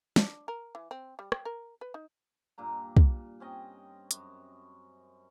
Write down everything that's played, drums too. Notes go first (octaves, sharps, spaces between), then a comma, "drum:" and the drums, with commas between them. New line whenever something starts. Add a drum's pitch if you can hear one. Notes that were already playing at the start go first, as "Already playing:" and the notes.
D4, drum: snare
A#4
E3
C4
G3
G5, drum: rim click
A#4
B4
D#4
G2 A#2 A#5
drum: kick
C4 C#4 D#5
F#2, drum: hi-hat